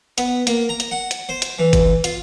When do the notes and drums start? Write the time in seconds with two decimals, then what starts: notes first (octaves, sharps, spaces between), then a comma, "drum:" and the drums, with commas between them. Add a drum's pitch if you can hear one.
0.18 B3, drum: hi-hat
0.47 A#3, drum: hi-hat
0.69 A#5
0.80 drum: hi-hat
0.91 F#5
1.11 drum: hi-hat
1.29 C5
1.42 drum: hi-hat
1.59 E3
1.73 drum: kick, hi-hat
2.04 F4, drum: hi-hat